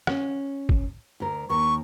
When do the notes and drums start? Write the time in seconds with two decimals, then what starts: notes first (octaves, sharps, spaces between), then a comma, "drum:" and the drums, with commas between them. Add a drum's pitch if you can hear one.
0.07 C#4, drum: rim click
0.69 drum: kick
1.20 D2 A#4
1.50 D#2 A#4 C#6